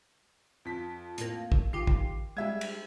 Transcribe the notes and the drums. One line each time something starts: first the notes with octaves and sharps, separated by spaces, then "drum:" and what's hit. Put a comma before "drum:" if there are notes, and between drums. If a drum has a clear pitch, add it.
F2 B6
A2 A#3, drum: hi-hat
drum: kick
D#3 F4 G4 C7
drum: kick
G3 G#3 E5 G#6
drum: cymbal